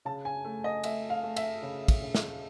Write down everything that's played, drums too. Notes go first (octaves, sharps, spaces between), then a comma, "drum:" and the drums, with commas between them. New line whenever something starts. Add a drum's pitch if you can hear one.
C#3 A5
G#5
A3
D#5
A3 E5, drum: cymbal
F5
A3
E5, drum: cymbal
C#3
drum: kick, cymbal
C#3
drum: snare